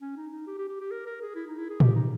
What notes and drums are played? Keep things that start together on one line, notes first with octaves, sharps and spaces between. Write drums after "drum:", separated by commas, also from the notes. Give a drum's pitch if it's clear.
C#4
D#4
D#4
G4
G4
G4
G4
A#4
A#4
G#4
E4
D#4
E4
G#4
G4, drum: tom A2
D#4